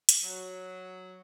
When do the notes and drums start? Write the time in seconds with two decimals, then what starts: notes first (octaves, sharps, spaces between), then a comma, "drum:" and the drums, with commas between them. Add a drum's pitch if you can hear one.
0.09 drum: hi-hat
0.23 F#3